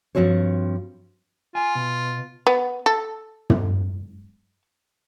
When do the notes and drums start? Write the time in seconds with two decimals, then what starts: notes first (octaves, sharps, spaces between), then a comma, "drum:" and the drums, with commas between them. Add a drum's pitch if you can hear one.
0.15 G2 C#3 F3 C4 F#4 C#5
1.55 F4 G#5
1.75 B2
2.47 B3
2.86 A4
3.50 drum: tom